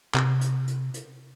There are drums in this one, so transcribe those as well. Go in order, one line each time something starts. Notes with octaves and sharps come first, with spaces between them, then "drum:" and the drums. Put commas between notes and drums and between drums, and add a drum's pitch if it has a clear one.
C3, drum: clap
drum: hi-hat
drum: hi-hat
drum: hi-hat